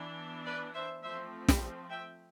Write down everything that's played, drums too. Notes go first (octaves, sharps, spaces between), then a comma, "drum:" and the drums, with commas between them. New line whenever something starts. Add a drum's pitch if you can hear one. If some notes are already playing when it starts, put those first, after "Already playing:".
Already playing: E3 B3 D4
B4 D5
C5 E5
F3 A3 C4 C5 E5
drum: snare
E5 G5